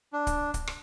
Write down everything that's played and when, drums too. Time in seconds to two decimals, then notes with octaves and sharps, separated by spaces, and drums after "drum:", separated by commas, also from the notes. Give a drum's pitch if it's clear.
0.13 D4
0.27 drum: kick C#1, hi-hat
0.54 drum: kick C#1, hi-hat
0.67 drum: rim click